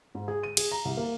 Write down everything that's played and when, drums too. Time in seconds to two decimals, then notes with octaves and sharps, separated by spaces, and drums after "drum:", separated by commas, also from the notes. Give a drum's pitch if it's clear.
0.15 G#2
0.28 G#4
0.43 D#7
0.57 G#4, drum: cymbal
0.72 A#5
0.85 C2
0.97 A#3